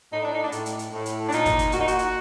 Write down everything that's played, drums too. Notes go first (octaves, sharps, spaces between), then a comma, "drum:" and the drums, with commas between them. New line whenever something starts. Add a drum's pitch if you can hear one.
A2 D#4
D4
D#4
D4
A2, drum: hi-hat
drum: hi-hat
drum: hi-hat
A2
drum: hi-hat
D4
A#2 D#4, drum: hi-hat
drum: kick, hi-hat
drum: hi-hat
A#2 F#4, drum: hi-hat
D#4
F#4, drum: hi-hat
drum: hi-hat